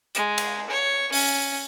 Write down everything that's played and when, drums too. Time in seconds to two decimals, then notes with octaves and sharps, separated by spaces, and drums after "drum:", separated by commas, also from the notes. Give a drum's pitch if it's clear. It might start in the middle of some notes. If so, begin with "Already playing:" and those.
0.15 G#3, drum: hi-hat
0.38 drum: cymbal
0.70 C#5
1.12 C#4, drum: open hi-hat